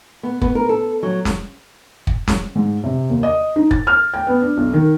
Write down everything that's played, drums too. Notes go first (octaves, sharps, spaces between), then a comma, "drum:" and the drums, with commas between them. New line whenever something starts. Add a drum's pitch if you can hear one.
B3
B3, drum: kick
A#4
A4
F#3
drum: snare
drum: kick
drum: snare
G#2
C3
D#2
D#5
D#4
A6, drum: kick
F6
G5
B3
D4
B1
D#3